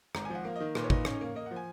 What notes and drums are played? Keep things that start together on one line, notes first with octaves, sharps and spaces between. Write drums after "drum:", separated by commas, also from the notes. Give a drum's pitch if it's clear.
G#1 A#5, drum: rim click
G#5
F3
F#5
A#3 F5
D#5
D#3
A#2 B4, drum: rim click
C#5
D#4 B4, drum: kick
C#4 C#5, drum: rim click
A#3
A#3 D#5
F#5
F3
G#5